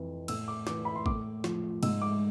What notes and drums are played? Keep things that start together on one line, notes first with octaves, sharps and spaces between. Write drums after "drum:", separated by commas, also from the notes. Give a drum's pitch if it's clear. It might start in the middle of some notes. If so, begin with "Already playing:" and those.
Already playing: F2 E3
A2 E6, drum: cymbal
D6
E3 D6, drum: snare
B5
C6
A2 D6, drum: kick
F3, drum: snare
G#2 E6, drum: cymbal
D6